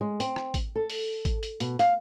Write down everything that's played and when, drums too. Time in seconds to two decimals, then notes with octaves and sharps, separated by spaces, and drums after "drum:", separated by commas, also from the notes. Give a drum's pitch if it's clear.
0.01 G#3
0.20 C4, drum: hi-hat
0.36 drum: rim click
0.54 drum: kick, hi-hat
0.76 A4
0.90 drum: open hi-hat
1.25 drum: kick, hi-hat
1.43 drum: hi-hat
1.60 B2, drum: hi-hat
1.79 F5, drum: hi-hat